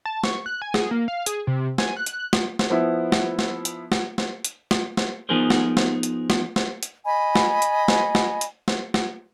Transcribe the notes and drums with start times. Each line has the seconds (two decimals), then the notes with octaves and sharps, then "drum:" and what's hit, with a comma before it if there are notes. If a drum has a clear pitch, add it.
0.05 A5
0.24 C#6, drum: snare
0.46 F#6
0.62 G#5
0.74 G#4, drum: snare
0.91 A#3
1.08 F5
1.26 G#4, drum: hi-hat
1.47 C3
1.78 G#5, drum: snare
1.97 F#6
2.06 drum: hi-hat
2.33 drum: snare
2.59 drum: snare
2.70 F3 B3 E4
3.12 drum: snare
3.39 drum: snare
3.65 drum: hi-hat
3.92 drum: snare
4.18 drum: snare
4.45 drum: hi-hat
4.71 drum: snare
4.97 drum: snare
5.29 F3 B3 D#4 G#4 A#4 C5
5.50 drum: snare
5.77 drum: snare
6.03 drum: hi-hat
6.30 drum: snare
6.56 drum: snare
6.83 drum: hi-hat
7.06 D#5 G#5 B5
7.35 drum: snare
7.62 drum: hi-hat
7.88 drum: snare
8.15 drum: snare
8.41 drum: hi-hat
8.68 drum: snare
8.94 drum: snare